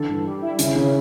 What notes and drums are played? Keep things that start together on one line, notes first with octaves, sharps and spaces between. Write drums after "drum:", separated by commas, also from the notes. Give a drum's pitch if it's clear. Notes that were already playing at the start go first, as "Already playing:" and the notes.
Already playing: D3 E3 A4
G2
G3
E4
C#3 C#4, drum: hi-hat
C#3 C#4